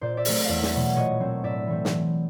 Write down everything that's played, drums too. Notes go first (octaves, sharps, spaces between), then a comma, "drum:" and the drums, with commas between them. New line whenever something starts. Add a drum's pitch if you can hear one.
A#2 C5 D5
D5 E5
F#3 A3 C4, drum: open hi-hat
E2 D5 E5 F5
drum: snare
B2 F#3 B3
A#2 C#5 D#5
F#3 A3 C4
A2 D5 E5
E3 A3 C4
drum: snare